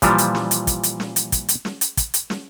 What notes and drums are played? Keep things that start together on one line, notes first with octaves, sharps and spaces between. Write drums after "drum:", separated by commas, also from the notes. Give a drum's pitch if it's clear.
A#2 E3 F3 G3, drum: kick, hi-hat
drum: hi-hat
drum: snare
drum: hi-hat
drum: kick, hi-hat
drum: hi-hat
drum: snare
drum: hi-hat
drum: kick, hi-hat
drum: hi-hat
drum: snare
drum: hi-hat
drum: kick, hi-hat
drum: hi-hat
drum: snare